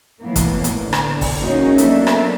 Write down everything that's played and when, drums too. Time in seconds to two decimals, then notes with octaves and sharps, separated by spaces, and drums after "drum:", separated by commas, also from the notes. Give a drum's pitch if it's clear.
0.21 A2 E3 A#3 B3
0.36 drum: kick, hi-hat
0.64 drum: hi-hat
0.83 D3
0.93 drum: rim click
1.21 drum: kick, open hi-hat
1.42 G#3 A#3 C#4 D#4 F#4
1.78 F#3 A#3 B3 D4 A4 E5, drum: hi-hat
2.07 drum: rim click